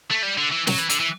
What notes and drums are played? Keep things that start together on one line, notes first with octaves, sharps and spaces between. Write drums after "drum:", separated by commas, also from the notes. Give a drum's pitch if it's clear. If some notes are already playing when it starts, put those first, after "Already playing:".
A3
G3
D3
E3
F#3, drum: snare
E3
D3, drum: hi-hat
E3